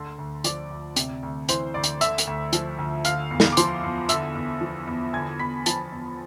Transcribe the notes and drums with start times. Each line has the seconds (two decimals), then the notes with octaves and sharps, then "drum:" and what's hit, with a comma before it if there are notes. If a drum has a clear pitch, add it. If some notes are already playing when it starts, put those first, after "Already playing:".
Already playing: D2 D3 C6
0.18 D2
0.44 F3 D5 D6, drum: hi-hat
0.70 D2
0.96 C3, drum: hi-hat
1.23 D2
1.48 E3 C5 C6, drum: hi-hat
1.74 D2 D5 D6
1.83 drum: hi-hat
2.01 D3 E5 E6, drum: hi-hat
2.18 drum: hi-hat
2.27 D2
2.53 F3, drum: hi-hat
2.78 D2
3.05 D3 F5 F6, drum: hi-hat
3.31 E2
3.40 drum: snare
3.52 D6
3.57 F3 C5 C6, drum: hi-hat
3.83 E2
4.09 D3 E5 E6, drum: hi-hat
4.35 E2
4.61 F3
4.87 E2
5.13 D3 G#5 G#6
5.39 E2 B5 B6
5.66 F3 A5 A6, drum: hi-hat
5.92 E2